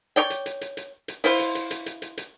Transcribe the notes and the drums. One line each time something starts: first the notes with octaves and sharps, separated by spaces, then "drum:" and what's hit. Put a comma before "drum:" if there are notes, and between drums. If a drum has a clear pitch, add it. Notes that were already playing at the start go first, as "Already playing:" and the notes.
C#5 D5 G5
drum: hi-hat
drum: hi-hat
drum: hi-hat
drum: hi-hat
drum: hi-hat
E4 F4 C5, drum: open hi-hat
drum: hi-hat
drum: hi-hat
drum: hi-hat
drum: hi-hat
drum: hi-hat
drum: hi-hat